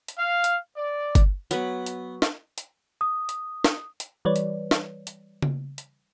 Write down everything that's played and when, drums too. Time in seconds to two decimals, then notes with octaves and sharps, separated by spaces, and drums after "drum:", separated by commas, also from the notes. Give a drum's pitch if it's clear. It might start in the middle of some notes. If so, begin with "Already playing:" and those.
0.08 drum: hi-hat
0.19 F5
0.44 drum: hi-hat
0.76 D5
1.15 drum: kick G1, hi-hat
1.51 F#3 B3 B4, drum: hi-hat
1.86 drum: hi-hat
2.22 drum: snare
2.58 drum: hi-hat
3.01 D#6
3.29 drum: hi-hat
3.64 drum: snare
4.00 drum: hi-hat
4.25 E3 G3 B4 C#5 D5
4.36 drum: hi-hat
4.71 drum: snare
5.07 drum: hi-hat
5.42 drum: tom C#3
5.78 drum: hi-hat